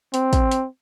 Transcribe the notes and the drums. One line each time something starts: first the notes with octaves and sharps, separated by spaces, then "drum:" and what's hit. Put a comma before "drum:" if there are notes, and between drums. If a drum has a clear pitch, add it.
C4, drum: hi-hat
drum: kick, hi-hat
drum: hi-hat